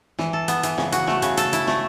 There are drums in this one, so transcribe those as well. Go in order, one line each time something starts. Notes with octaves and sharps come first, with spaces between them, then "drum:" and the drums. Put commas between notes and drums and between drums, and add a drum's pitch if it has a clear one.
E3, drum: snare
A4
B3, drum: hi-hat
E3, drum: hi-hat
C#3, drum: snare
F#4, drum: hi-hat
A3, drum: snare
C#3, drum: hi-hat
A4, drum: hi-hat
E4, drum: hi-hat
A3, drum: snare